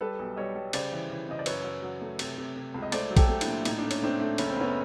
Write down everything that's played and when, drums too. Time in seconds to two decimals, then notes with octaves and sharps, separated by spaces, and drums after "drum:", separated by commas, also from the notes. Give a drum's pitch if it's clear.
0.01 G3 A4 B4
0.19 B1
0.36 G3 C#5 D#5
0.55 G3
0.73 C#3 C5 D5, drum: cymbal
0.92 E3
1.10 E3
1.28 C#3 D#5
1.39 D5
1.46 F#2 B4 C#5, drum: cymbal
1.64 F#2
1.82 F#3
2.01 A3
2.19 C3, drum: cymbal
2.38 C3
2.56 C3
2.74 C#2
2.82 D#5
2.92 A3 C5 D5, drum: cymbal
3.11 F#3
3.17 G4 A4, drum: kick A#1, cymbal
3.29 A3
3.41 D4 E4, drum: cymbal
3.47 A#2
3.65 A2 D#4, drum: cymbal
3.78 D4
3.84 A3
3.91 C#4, drum: cymbal
4.02 A3 C4 D4
4.20 A3
4.38 F#1 C#4, drum: cymbal
4.49 C4
4.56 F#1 B3 C#4